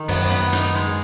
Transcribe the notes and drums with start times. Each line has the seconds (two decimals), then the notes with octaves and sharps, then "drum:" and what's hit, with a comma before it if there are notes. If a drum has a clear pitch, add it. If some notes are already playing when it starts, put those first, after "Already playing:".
Already playing: D#3
0.08 F#2 B3, drum: open hi-hat
0.30 B3
0.53 D#4, drum: hi-hat
0.75 G#3